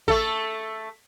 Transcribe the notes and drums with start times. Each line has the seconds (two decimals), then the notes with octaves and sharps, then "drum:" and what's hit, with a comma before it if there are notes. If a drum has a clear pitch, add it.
0.08 A3 A4, drum: kick